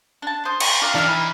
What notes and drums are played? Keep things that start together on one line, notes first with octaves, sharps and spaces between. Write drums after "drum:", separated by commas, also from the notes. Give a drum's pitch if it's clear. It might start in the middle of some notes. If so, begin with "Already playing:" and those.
D4 A5
C5 D#6
C#6, drum: cymbal
D4 F4 A#4
E3 D4 D#4 E5 F6
B5